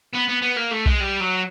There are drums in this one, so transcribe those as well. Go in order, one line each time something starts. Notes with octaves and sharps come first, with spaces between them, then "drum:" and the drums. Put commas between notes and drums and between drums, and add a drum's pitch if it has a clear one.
B3
B3
B3
A#3
A3
G#3, drum: kick B1
G3
F#3